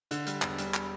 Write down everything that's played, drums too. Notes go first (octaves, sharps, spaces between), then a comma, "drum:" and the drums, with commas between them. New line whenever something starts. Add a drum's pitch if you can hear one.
D3, drum: hi-hat
G3, drum: hi-hat
E1, drum: clap
G3, drum: hi-hat
drum: clap